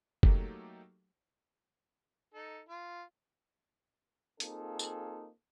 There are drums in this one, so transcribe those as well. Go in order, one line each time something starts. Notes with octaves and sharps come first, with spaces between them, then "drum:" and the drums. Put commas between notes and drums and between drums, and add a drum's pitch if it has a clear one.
F#3 A3 A#3 D#4 G4 A4, drum: kick
D#4 A4
F4
A#3 C4 D#4 F4 G#4 A4, drum: hi-hat
drum: tambourine